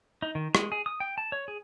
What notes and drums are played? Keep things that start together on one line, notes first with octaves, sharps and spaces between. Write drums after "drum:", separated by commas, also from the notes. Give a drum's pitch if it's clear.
D#4
D#3
G#3, drum: rim click
G#4
D#6
G5
A5
C#5
G#4